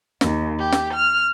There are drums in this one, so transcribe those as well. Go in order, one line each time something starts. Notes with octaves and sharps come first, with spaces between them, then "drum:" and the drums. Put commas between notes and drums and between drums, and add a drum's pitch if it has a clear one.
D#2, drum: snare
G4
drum: snare
F6